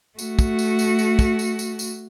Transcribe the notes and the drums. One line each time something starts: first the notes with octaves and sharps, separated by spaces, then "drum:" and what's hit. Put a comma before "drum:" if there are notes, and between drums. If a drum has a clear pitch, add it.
A3 F#4, drum: tambourine
drum: kick, tambourine
drum: tambourine
drum: tambourine
drum: tambourine
drum: kick, tambourine
drum: tambourine
drum: tambourine
drum: tambourine